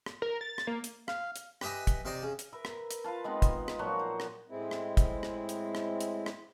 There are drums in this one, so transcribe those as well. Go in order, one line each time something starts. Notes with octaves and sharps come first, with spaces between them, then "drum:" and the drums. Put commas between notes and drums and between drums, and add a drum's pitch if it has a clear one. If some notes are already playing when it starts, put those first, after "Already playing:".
drum: rim click
A#4
A6
drum: rim click
A#3
drum: hi-hat
F5, drum: rim click
drum: hi-hat
G4 B4 D#5 E5 G#5, drum: rim click
drum: kick, hi-hat
C3 D#4 C5 D5
C#3
drum: hi-hat
A#4 B4 E5
drum: rim click
drum: hi-hat
F4 B4 F5 A5
G#3 B3 C4 D#4
drum: kick, hi-hat
drum: rim click
A#2 F3 F#3 F#4
C5
drum: rim click
A2 G#3 C4 E4
drum: rim click
drum: kick, hi-hat
drum: rim click
drum: hi-hat
drum: rim click
drum: hi-hat
drum: rim click